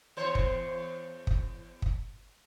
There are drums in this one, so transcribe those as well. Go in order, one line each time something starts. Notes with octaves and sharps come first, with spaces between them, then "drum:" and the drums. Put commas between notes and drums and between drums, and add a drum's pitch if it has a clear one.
E2 C5 C#5
drum: kick
drum: kick
drum: kick